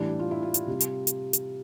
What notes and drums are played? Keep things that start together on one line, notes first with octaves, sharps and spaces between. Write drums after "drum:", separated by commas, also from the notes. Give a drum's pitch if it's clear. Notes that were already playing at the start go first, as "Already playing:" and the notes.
Already playing: A2 E3 G3 D4
G4
F4
E4
F4
drum: hi-hat
C3 G3
drum: hi-hat
drum: hi-hat
drum: hi-hat